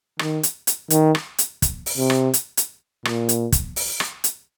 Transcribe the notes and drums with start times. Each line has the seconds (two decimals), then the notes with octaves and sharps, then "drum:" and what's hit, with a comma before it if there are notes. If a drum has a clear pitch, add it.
0.19 D#3, drum: rim click
0.43 drum: hi-hat
0.67 drum: hi-hat
0.90 D#3, drum: hi-hat
1.15 drum: rim click
1.38 drum: hi-hat
1.62 drum: kick, hi-hat
1.86 drum: open hi-hat
1.97 C3
2.10 drum: rim click
2.34 drum: hi-hat
2.57 drum: hi-hat
3.05 A#2, drum: rim click
3.29 drum: hi-hat
3.52 drum: kick, hi-hat
3.76 drum: open hi-hat
4.00 drum: rim click
4.24 drum: hi-hat